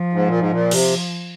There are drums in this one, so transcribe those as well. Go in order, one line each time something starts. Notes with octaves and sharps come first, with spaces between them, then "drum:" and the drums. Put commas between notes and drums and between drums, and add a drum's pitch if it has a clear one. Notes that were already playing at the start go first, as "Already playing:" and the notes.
Already playing: F3
G#2
A#2
G#2
A#2
C3, drum: cymbal